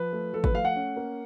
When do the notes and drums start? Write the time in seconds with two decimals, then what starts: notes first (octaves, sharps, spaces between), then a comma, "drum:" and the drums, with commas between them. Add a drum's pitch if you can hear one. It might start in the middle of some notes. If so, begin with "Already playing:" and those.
Already playing: F3 B4
0.13 A3
0.33 F3 A4
0.44 B4, drum: kick G#1
0.55 A3 F5
0.65 F#5
0.76 C#4
0.96 A#3